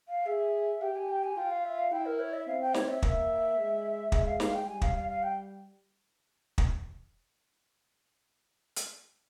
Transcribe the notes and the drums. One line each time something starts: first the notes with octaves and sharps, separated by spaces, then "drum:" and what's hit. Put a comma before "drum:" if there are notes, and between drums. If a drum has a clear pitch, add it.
F5
G#4 E5
G4 G5
G#5
G5
G#5
F4 G5
F5
E5
F5
E4 G5
A#4
C#5
E5
C4 F5
G5
C#5, drum: snare
E5
A#3, drum: kick
G#3
G#3 E5, drum: kick
F5
F5, drum: snare
G5
G3 G#5
F5, drum: kick
F5
F5
G5
drum: kick
drum: hi-hat